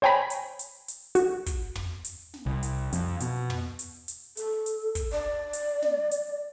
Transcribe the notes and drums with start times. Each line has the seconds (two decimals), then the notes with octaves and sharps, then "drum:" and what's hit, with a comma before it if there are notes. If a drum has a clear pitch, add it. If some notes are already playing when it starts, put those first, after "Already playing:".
0.02 C5 C#5 G5 G#5 A#5 B5
0.30 drum: hi-hat
0.59 drum: hi-hat
0.88 drum: hi-hat
1.15 F#4, drum: hi-hat
1.46 drum: kick, hi-hat
1.75 drum: tom
2.05 drum: hi-hat
2.34 drum: snare
2.46 C2
2.63 drum: hi-hat
2.93 F2, drum: hi-hat
3.20 B2, drum: hi-hat
3.50 drum: tom
3.79 drum: hi-hat
4.08 drum: hi-hat
4.37 A4, drum: hi-hat
4.66 drum: hi-hat
4.95 drum: kick, hi-hat
5.12 D5
5.53 drum: hi-hat
5.82 drum: snare
6.11 drum: hi-hat